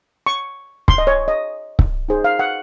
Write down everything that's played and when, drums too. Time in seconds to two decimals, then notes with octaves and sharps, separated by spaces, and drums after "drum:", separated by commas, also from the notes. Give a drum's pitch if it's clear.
0.26 C#6
0.88 C6, drum: kick C#1
0.98 D#5
1.07 C#5
1.28 D#5
1.79 drum: kick C#1
2.09 D#4 G#4 C5
2.24 F5
2.39 F#5